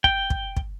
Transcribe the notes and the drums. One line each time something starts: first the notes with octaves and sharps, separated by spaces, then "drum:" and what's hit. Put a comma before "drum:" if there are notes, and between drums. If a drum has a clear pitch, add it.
G5, drum: kick
drum: kick
drum: kick